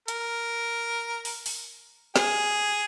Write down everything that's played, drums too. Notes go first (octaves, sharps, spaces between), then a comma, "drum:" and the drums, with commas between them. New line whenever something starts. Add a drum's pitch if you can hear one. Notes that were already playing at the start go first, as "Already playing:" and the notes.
A#4, drum: hi-hat
drum: open hi-hat
drum: open hi-hat
G#4, drum: snare